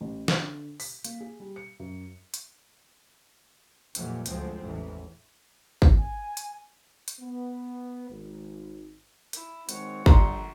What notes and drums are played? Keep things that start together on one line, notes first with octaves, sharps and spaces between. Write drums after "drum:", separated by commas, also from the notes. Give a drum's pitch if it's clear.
A1
D3, drum: snare
B6, drum: open hi-hat
A#3, drum: hi-hat
G#4
G3
C#7
F#2
drum: hi-hat
F2 A#2 E3 F#3 G3, drum: hi-hat
D2 G2 F3 F#3 G#3 C4, drum: hi-hat
A1 E2 E3
drum: kick
G#5
drum: hi-hat
drum: hi-hat
B3
G#1
E4, drum: hi-hat
D#3 G#3 C4 F#4 C#5, drum: hi-hat
A#1 D3 G3 A#5 C6, drum: kick